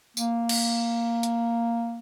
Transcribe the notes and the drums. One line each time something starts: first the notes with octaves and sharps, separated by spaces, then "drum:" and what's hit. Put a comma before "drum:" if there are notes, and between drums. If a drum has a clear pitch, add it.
A#3, drum: tambourine
drum: cymbal
drum: hi-hat